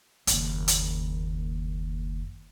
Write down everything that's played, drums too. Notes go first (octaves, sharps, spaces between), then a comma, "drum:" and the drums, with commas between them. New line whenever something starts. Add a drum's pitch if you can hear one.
F#1 D#2, drum: hi-hat
drum: hi-hat